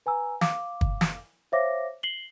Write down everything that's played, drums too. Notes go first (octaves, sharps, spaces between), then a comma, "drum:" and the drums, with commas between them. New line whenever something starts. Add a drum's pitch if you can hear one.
B4 G#5 A#5 E6
F5 D6, drum: snare
drum: kick
drum: snare
C5 C#5 E5 F5 D6 A#6
C7 F#7 G7